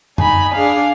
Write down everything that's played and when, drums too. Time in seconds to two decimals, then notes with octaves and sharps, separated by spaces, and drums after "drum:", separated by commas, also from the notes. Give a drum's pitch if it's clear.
0.18 D#4 G#5 B5, drum: tom F#2
0.54 D4 G#4 F5